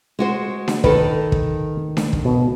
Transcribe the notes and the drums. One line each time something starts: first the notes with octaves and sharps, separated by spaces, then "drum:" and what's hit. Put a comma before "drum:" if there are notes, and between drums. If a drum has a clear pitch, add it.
G#3 F#4 C5
drum: snare D4
D#3 A4 B4, drum: kick
drum: kick
drum: snare D4
drum: kick
B2